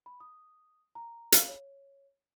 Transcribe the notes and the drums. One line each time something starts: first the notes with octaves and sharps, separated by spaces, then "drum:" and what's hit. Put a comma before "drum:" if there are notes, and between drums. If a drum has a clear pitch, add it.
B5
D#6
A#5
F5, drum: hi-hat
C#5